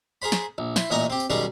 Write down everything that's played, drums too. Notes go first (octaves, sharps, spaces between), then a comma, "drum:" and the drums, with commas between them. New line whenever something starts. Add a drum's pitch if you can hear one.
G#4 A#4 C5 B5
drum: snare
A#1
E4 E5 C6, drum: snare
A1 A#2 A3 D#5 G#5 A#5
C4 G4
drum: tambourine
B1 D#3 G3 C#4 G#4 A#4